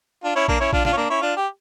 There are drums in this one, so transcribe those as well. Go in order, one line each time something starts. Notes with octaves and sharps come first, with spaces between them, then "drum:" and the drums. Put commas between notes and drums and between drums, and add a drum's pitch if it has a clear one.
D4 F4
C#4 E4
A#3 D4, drum: kick A#1
C#4 E4
D4 F4, drum: kick A#1
D4 F4, drum: snare
C#4
A#3 D4
C#4 E4
D4 F4
G4